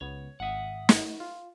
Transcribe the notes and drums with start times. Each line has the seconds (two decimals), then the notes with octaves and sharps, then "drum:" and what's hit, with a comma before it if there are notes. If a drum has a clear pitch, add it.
0.01 C#2 B3 C#5
0.40 G#1 E5 F#5 D#6
0.89 drum: snare
1.20 F4